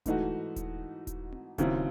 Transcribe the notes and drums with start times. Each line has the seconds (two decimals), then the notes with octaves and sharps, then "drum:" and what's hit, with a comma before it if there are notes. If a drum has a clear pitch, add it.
0.06 G#2 E3 A3 D#4 F#4, drum: kick D#1, hi-hat
0.56 drum: kick D#1, hi-hat
1.07 drum: kick D#1, hi-hat
1.32 drum: tom C4
1.58 D#2 C#3 F#3 C4 E4, drum: kick D#1, hi-hat